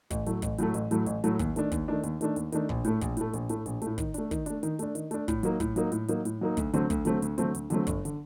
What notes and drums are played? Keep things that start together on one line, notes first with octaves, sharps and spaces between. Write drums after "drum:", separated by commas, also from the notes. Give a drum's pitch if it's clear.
A1, drum: kick, hi-hat
A2 F#3 A3, drum: hi-hat
A1, drum: kick, hi-hat
A2 F#3 A3, drum: hi-hat
A1, drum: hi-hat
A2 F#3 A3, drum: hi-hat
A1, drum: hi-hat
A2 F#3 A3, drum: hi-hat
D#2, drum: kick, hi-hat
D#3 A3 D4, drum: hi-hat
D#2, drum: kick, hi-hat
D#3 A3 D4
D#2, drum: hi-hat
D#3 A3 D4, drum: hi-hat
D#2, drum: hi-hat
D#3 A3 D4, drum: hi-hat
A#1, drum: kick
A2 A3, drum: hi-hat
A#1, drum: kick, hi-hat
A2 A3, drum: hi-hat
A#1, drum: hi-hat
A2 A3, drum: hi-hat
A#1, drum: hi-hat
A2 A3, drum: hi-hat
D#3, drum: kick, hi-hat
A3 D4, drum: hi-hat
D#3, drum: kick, hi-hat
A3 D4, drum: hi-hat
D#3, drum: hi-hat
A3 D4, drum: hi-hat
D#3, drum: hi-hat
A3 D4, drum: hi-hat
A2, drum: kick, hi-hat
F#3 A#3 D#4, drum: hi-hat
A2, drum: kick, hi-hat
F#3 A#3 D#4, drum: hi-hat
A2, drum: hi-hat
F#3 A#3 D#4, drum: hi-hat
A2, drum: hi-hat
F#3 A#3 D#4
D2, drum: kick, hi-hat
D3 F#3 A3 C4, drum: hi-hat
D2, drum: kick, hi-hat
D3 F#3 A3 C4, drum: hi-hat
D2, drum: hi-hat
D3 F#3 A3 C4, drum: hi-hat
D2, drum: hi-hat
D3 F#3 A3 C4, drum: hi-hat
G1, drum: kick, hi-hat
D3, drum: hi-hat